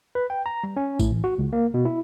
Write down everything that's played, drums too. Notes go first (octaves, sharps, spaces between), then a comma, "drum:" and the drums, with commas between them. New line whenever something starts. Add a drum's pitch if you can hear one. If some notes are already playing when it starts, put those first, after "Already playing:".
B4
G5
A#5
G3
C#4
A2, drum: kick A1, tambourine
A1
F#4
C#2
A#3
B2
E4